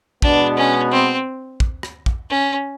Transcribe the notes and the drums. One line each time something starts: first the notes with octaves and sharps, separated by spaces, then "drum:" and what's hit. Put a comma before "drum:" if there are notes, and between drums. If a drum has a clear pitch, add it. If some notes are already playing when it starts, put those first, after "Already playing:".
B2 G#3 B3 D4, drum: kick
C#4
C4
drum: kick
drum: rim click
drum: kick
C#4